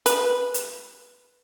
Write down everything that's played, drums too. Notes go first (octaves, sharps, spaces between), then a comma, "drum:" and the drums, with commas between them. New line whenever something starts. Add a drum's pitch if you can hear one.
B4, drum: hi-hat
drum: hi-hat